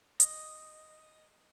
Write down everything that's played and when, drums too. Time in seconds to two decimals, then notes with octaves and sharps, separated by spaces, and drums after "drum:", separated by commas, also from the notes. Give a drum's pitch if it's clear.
0.20 D#5, drum: hi-hat